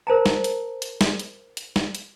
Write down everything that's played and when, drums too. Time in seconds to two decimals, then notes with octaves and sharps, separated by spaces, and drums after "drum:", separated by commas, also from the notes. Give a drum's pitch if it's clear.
0.07 A#4 C5 A5 A#5
0.26 drum: snare
0.44 drum: hi-hat
0.82 drum: hi-hat
1.01 drum: snare
1.19 drum: hi-hat
1.57 drum: hi-hat
1.76 drum: snare
1.95 drum: hi-hat